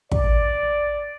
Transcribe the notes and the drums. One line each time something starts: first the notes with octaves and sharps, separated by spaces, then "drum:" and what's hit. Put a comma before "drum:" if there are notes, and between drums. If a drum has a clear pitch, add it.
D5, drum: kick